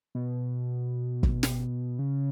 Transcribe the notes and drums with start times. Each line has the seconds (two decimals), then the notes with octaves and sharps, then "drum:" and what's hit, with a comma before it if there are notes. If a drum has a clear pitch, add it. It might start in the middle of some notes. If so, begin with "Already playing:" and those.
0.15 B2
1.23 drum: kick
1.43 drum: snare
1.99 C#3